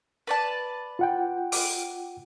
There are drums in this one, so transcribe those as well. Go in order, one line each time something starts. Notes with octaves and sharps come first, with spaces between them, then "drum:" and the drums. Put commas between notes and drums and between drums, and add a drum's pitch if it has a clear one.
B4 D5 A5
F4 F#5 G5
D6, drum: open hi-hat